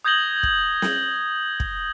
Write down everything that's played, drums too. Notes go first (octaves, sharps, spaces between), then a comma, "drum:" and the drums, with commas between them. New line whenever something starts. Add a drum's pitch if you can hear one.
D#6 G6 G#6 A#6 F#7 G7
drum: kick
drum: snare
drum: kick